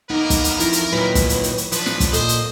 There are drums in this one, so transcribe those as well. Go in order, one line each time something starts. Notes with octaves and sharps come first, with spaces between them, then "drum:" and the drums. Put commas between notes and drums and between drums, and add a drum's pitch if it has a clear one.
A#3 B3 D#4 A#4
drum: kick, hi-hat
drum: hi-hat
F2 E4, drum: hi-hat
drum: hi-hat
A#2 D#3 F#3 B4
drum: kick, hi-hat
drum: hi-hat
drum: hi-hat
drum: hi-hat
F3 D4 B4, drum: hi-hat
drum: snare
drum: kick, hi-hat
A#2 A4 C5 D#5, drum: hi-hat
drum: hi-hat